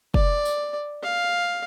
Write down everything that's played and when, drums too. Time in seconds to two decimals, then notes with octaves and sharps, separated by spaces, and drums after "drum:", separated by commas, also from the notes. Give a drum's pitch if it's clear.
0.14 D5, drum: kick
0.45 drum: tambourine
1.03 F5